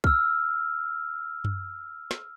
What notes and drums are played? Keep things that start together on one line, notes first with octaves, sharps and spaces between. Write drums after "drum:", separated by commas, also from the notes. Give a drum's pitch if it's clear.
E6 F6, drum: kick
drum: tom F#2
drum: snare